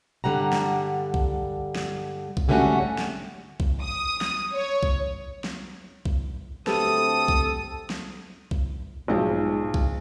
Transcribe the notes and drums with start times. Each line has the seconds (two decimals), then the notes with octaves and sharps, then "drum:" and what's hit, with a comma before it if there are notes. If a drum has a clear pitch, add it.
0.24 G2 D3 G3 F#5 A#5
0.53 drum: snare
1.14 drum: kick B1
1.75 drum: snare
2.37 drum: kick B1
2.48 G#2 D3 G3 A3 C#4 F#4
2.98 drum: snare
3.60 drum: kick B1
3.82 D#6
4.21 drum: snare
4.52 C#5
4.83 drum: kick B1
5.44 drum: snare
6.05 drum: kick B1
6.67 D2 A3 C4 G4 A4 B4 D#6, drum: snare
7.28 drum: kick B1
7.90 drum: snare
8.51 drum: kick B1
9.08 B1 G#2 F3 G#3
9.74 drum: kick B1